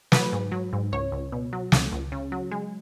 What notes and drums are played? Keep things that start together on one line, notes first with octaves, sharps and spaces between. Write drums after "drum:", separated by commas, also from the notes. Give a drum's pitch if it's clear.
F#3 B4, drum: snare
G#2
F#3
G#2
C#2 C#5
C#2
B2
F#3
C#2, drum: snare
C#2
C#3
F#3
G#3